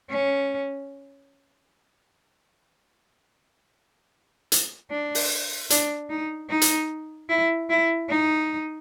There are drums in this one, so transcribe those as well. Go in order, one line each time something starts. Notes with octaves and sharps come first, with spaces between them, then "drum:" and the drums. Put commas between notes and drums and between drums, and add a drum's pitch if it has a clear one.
C#4
drum: hi-hat
D4
drum: open hi-hat
D4, drum: hi-hat
D#4
D#4
drum: hi-hat
E4
E4
D#4